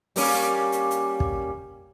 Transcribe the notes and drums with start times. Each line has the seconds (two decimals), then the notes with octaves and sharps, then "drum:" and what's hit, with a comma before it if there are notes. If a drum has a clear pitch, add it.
0.16 G3 A#3 C#4, drum: open hi-hat
0.72 drum: hi-hat
0.91 drum: hi-hat
1.20 drum: kick